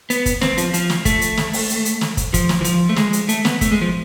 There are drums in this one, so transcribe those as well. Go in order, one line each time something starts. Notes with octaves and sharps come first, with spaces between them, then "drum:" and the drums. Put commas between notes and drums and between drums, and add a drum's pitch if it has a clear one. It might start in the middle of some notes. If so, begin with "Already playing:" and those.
B3, drum: hi-hat
drum: kick, hi-hat
C4, drum: snare
F3, drum: hi-hat
F3, drum: hi-hat
drum: snare
A3, drum: kick, hi-hat
drum: hi-hat
drum: snare
drum: open hi-hat
drum: hi-hat
drum: hi-hat
drum: snare
drum: kick, hi-hat
F3, drum: kick, hi-hat
drum: snare
E3
F3, drum: hi-hat
A3
G#3, drum: snare
drum: hi-hat
A3, drum: hi-hat
B3, drum: snare
A3, drum: kick, hi-hat
G#3
F3